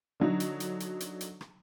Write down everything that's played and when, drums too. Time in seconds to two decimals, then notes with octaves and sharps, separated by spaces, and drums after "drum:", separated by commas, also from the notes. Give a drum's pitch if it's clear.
0.20 D3 F#3 D#4
0.40 drum: hi-hat
0.60 drum: hi-hat
0.80 drum: hi-hat
1.00 drum: hi-hat
1.21 drum: hi-hat
1.41 drum: rim click